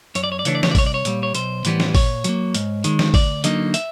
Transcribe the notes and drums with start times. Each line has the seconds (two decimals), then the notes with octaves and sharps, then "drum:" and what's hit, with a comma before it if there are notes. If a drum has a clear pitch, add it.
0.15 F#2 C#5, drum: hi-hat
0.24 D5
0.32 C#5
0.39 D5
0.45 C#3 E3 A3 D4 C#5, drum: hi-hat
0.55 D5
0.63 C#5, drum: snare
0.71 D5
0.75 C2 C#5, drum: kick G#1, open hi-hat
0.86 D5
0.94 C#5
1.05 A#2 G3, drum: hi-hat
1.23 C#5
1.35 B1 C5, drum: hi-hat
1.65 A2 E3 G3 B3, drum: hi-hat
1.80 drum: snare
1.95 A#2 C#5, drum: kick G#1, open hi-hat
2.24 F#3 A#3, drum: hi-hat
2.55 G#2, drum: hi-hat
2.84 D#3 G#3, drum: hi-hat
2.99 drum: snare
3.14 D2 D5, drum: kick G#1, open hi-hat
3.44 D3 F#3 A#3 D#4 D#5, drum: hi-hat
3.74 E5, drum: hi-hat